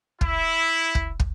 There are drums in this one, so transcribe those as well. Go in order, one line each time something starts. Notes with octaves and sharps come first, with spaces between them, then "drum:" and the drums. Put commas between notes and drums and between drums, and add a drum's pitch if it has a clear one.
E4, drum: kick
drum: kick
drum: kick